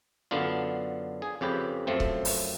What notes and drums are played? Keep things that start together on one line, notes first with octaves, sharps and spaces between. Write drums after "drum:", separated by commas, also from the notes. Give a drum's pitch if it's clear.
F#2 D3 B3 D4 F4
G#4
F2 C#3 G4 B4
F#2 F3 A3 C4
drum: kick C#1
drum: open hi-hat